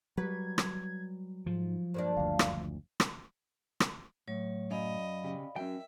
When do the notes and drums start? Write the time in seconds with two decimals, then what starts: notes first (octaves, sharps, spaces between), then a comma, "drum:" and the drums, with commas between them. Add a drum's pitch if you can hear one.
0.17 F#3 G3 B4 G#6
0.58 drum: rim click
1.46 G#2 F3
1.94 G2 A#3 D4 C5
2.17 F#1 D2 F5
2.39 drum: rim click
3.00 drum: rim click
3.80 drum: rim click
4.27 A2 F#3 C#5
4.71 F#2 D5 D#5 F5 B5
5.24 C#3 G4
5.56 F#3 C#4 A#4 E5 G5